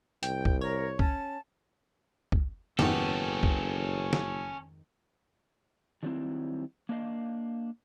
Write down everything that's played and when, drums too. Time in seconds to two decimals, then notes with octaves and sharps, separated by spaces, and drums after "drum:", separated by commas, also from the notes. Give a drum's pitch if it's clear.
0.23 C2 G5, drum: hi-hat
0.45 drum: kick
0.61 A#4 C#5
0.99 C#4 A5, drum: kick
2.32 drum: kick
2.79 F#1 F2 G#2 D#3 B3 C#4 G4 A4, drum: snare
3.43 drum: kick
4.13 drum: snare
6.03 D#3 F#3 G3 A#3 C4 E4
6.89 A#3 D4 D#5 F5